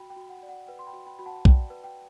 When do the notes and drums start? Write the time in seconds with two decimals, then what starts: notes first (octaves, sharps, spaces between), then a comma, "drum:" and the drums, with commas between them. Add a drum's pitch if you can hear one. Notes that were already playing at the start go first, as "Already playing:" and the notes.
Already playing: F#4 G5 B5
0.10 G5
0.16 F#4
0.29 F#5
0.43 D5
0.49 F#5
0.68 B4 G5
0.79 C6
0.87 G5 B5
0.93 F#4
1.06 G5 B5
1.19 F#4 B5
1.26 F#5 A5
1.45 D5 G5, drum: kick
1.70 B4
1.84 G5